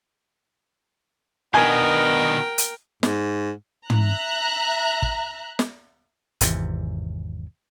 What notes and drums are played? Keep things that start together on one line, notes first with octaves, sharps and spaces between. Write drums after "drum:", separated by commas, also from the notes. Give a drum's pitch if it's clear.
B2 D#3 B3 D4 A#4 D#5 G5 G#5
drum: hi-hat
G#2, drum: snare
E5 A#5 F#6, drum: tom
drum: kick
drum: snare
G#1 E2 C3 E3, drum: hi-hat